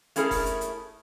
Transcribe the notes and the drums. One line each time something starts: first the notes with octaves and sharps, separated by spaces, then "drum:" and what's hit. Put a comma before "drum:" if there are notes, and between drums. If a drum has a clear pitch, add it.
A3 C#4 E4 G#4 A#4, drum: hi-hat
drum: kick F1, open hi-hat
drum: hi-hat
drum: hi-hat